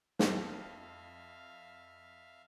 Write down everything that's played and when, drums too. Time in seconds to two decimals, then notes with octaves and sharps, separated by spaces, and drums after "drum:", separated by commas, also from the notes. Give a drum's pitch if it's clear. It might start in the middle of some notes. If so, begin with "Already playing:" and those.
0.19 F2 E5 F5, drum: snare